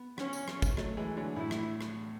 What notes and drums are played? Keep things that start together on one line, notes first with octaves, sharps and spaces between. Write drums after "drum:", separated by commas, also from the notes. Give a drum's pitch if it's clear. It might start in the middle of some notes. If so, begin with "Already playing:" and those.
Already playing: B3
C#4, drum: rim click
drum: tambourine
drum: rim click
drum: kick, tambourine
F#3 A3, drum: rim click
E3 G#3
D3 F#3
A2 E4
drum: rim click
drum: rim click